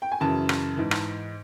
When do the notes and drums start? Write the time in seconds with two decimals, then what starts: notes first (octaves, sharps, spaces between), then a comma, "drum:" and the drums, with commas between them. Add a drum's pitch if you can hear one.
0.02 G5
0.12 G#5
0.20 F#2 C#3 E3 A5
0.49 drum: rim click
0.77 G#2 E3
0.91 drum: rim click